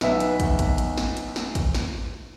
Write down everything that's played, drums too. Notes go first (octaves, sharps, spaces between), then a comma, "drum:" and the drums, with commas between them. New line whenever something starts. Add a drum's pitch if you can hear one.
B1 B3 E5, drum: snare
drum: hi-hat
drum: kick, hi-hat
drum: kick, hi-hat
drum: hi-hat
drum: snare
drum: hi-hat
drum: snare
drum: kick, hi-hat
drum: snare